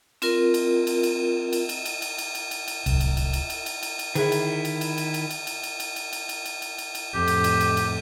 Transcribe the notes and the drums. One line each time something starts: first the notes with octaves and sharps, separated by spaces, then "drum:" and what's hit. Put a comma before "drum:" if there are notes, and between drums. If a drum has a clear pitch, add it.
C4 F4 A#4, drum: cymbal
drum: cymbal
drum: cymbal
drum: cymbal
drum: cymbal
drum: cymbal
drum: cymbal
drum: cymbal
drum: cymbal
drum: cymbal
drum: cymbal
drum: cymbal
D1 C2, drum: cymbal
drum: cymbal
drum: cymbal
drum: cymbal
drum: cymbal
drum: cymbal
drum: cymbal
drum: cymbal
D3 D#3 E4 G#4, drum: cymbal
drum: cymbal
drum: cymbal
drum: cymbal
drum: cymbal
drum: cymbal
drum: cymbal
drum: cymbal
drum: cymbal
drum: cymbal
drum: cymbal
drum: cymbal
drum: cymbal
drum: cymbal
drum: cymbal
drum: cymbal
drum: cymbal
F2 A2 G4
drum: cymbal
drum: cymbal
drum: cymbal
drum: cymbal